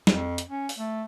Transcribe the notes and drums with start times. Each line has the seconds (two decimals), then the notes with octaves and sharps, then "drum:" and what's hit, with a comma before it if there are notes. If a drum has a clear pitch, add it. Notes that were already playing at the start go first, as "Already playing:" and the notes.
0.07 F2, drum: snare
0.38 drum: hi-hat
0.49 C#4
0.69 drum: open hi-hat
0.79 A3